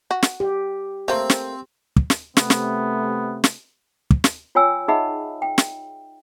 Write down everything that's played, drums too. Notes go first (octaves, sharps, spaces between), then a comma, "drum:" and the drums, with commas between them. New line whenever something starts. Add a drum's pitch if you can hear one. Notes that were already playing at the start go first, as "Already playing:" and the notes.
F#4
drum: snare
G4
A3 A#3 C4
drum: snare
drum: kick
drum: snare
C3 A3 B3, drum: snare
drum: snare
drum: snare
drum: kick
drum: snare
F4 C#5 G5 G#5 E6
D#4 G#4 D#5 E5 F#5 B5
G5
drum: snare